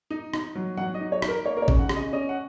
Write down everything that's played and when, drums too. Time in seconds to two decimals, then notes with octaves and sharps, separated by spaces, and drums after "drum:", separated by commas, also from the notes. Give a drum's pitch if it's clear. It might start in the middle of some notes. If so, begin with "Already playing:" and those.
0.10 D#4
0.34 D#4, drum: rim click
0.55 F#3
0.77 F#3 F#5
0.94 D#5
1.01 D#4
1.12 C#5
1.22 D#4, drum: rim click
1.28 A#4
1.45 A#3 C#5
1.57 A#4
1.62 C#5
1.68 C#3, drum: kick A1
1.79 F#5
1.89 C#3, drum: rim click
1.96 D#5
2.13 C#4 D#5
2.29 F#5